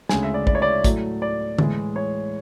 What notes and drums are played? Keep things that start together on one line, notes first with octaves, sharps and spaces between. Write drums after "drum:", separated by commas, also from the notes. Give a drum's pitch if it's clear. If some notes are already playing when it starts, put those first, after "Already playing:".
D2 C#3 G#3 G#5, drum: snare
E5
D5
D5, drum: kick A1
C#5
D5
A2 F#3 A3, drum: kick A1, hi-hat
D5
A2 E3 G#3, drum: tom D3
C#5